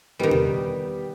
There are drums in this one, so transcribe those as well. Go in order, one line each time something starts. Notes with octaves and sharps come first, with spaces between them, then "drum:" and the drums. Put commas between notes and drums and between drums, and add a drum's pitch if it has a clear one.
D#3 G3 B3 G4
drum: tom B2